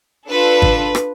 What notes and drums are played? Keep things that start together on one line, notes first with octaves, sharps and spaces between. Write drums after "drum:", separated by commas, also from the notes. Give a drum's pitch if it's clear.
D4 F4 A4 B4
drum: kick G#1
drum: rim click